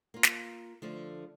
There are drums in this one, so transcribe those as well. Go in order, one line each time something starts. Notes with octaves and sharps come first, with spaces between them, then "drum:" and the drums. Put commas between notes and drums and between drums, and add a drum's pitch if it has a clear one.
A#3 F4
drum: snare
D3 F3 A3